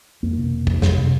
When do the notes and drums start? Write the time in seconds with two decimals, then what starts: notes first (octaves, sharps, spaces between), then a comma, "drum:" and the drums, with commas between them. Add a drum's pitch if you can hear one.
0.23 F2 A#3
0.38 C3
0.53 C3
0.67 F2, drum: kick
0.82 F2, drum: snare
0.97 C3